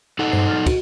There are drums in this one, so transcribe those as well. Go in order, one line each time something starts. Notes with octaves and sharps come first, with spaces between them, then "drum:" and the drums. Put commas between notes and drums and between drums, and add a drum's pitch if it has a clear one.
D#4 A4 F#5
G2 C5 C7
F6 A6
F#4, drum: kick, cymbal